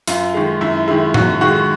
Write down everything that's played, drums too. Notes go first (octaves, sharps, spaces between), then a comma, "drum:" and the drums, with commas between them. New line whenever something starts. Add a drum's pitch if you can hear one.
F#2 F4, drum: hi-hat
D#3 G#3
F#2 E4
D#3 G#3 E4
F#2 F#4, drum: tom A2
D#3 G#3 F#4